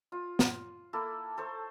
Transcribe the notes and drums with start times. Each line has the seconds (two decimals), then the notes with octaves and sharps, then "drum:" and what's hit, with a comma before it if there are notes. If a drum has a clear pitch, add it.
0.12 F4
0.39 drum: snare
0.93 A#3 E4 A4
1.37 A4 C5 C#6